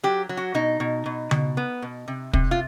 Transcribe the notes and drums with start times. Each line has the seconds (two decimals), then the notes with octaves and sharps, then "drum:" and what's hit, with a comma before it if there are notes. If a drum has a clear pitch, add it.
0.03 F#3 G4
0.29 F#3
0.37 F#4
0.54 B2 D#4
0.80 B2
1.06 B2
1.31 B2, drum: tom C#3
1.57 B3
1.82 B2
2.08 C3
2.33 C3, drum: kick
2.51 F4